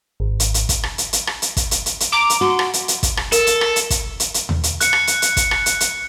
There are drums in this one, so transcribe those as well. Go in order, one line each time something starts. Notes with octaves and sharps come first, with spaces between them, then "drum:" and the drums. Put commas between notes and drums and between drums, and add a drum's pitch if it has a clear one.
G#1
drum: hi-hat
drum: hi-hat
drum: kick, hi-hat
drum: rim click
drum: hi-hat
drum: hi-hat
drum: rim click
drum: hi-hat
drum: kick, hi-hat
drum: hi-hat
drum: hi-hat
drum: hi-hat
A#5 D6
drum: hi-hat
F#4 C6
drum: rim click
drum: hi-hat
drum: hi-hat
drum: kick, hi-hat
drum: rim click
A4 A#4, drum: hi-hat
drum: hi-hat
drum: rim click
drum: hi-hat
drum: kick, hi-hat
drum: hi-hat
drum: hi-hat
drum: tom D#2
drum: hi-hat
F#6 C#7, drum: hi-hat
drum: rim click
drum: hi-hat
drum: hi-hat
drum: kick, hi-hat
drum: rim click
drum: hi-hat
drum: hi-hat